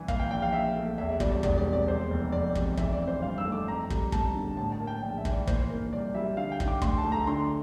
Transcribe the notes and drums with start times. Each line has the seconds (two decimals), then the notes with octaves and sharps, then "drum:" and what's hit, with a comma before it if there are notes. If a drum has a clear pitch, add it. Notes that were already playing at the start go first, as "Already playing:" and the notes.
Already playing: C2 E3
0.08 A#2 F5, drum: kick
0.19 G5
0.31 A#1 G5
0.42 F5
0.53 A#1 E5
0.76 A3
0.98 E2 E5
1.09 E5
1.20 G3 D5, drum: kick
1.32 D5
1.43 E1 D5, drum: kick
1.58 D5
1.66 C3
1.73 D5
1.88 E2 C5
2.10 F1
2.32 F1 D5
2.55 C3, drum: kick
2.77 E3 E5, drum: kick
2.93 D5
3.00 C4
3.07 C5
3.22 G2 F5
3.38 E6
3.45 A3
3.52 D6
3.68 F2 A#5
3.90 G3, drum: kick
4.12 G1 A5, drum: kick
4.35 D3
4.57 A2 A5
4.72 A5
4.80 A#3
4.87 G5
5.02 A#1 G5
5.18 E5
5.25 E3, drum: kick
5.32 D5
5.47 A#2 C5, drum: kick
5.70 A#3
5.92 C2 D5
6.15 G3 E5
6.37 D3 F5
6.52 G5
6.60 D4, drum: kick
6.68 D6
6.82 D2 C6, drum: kick
6.98 A5
7.05 A3
7.12 A#5
7.27 D3 C6